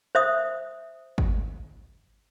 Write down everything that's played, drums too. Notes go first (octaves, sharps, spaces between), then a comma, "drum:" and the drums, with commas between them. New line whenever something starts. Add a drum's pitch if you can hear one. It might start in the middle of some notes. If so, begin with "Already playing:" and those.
C5 E5 D#6
drum: kick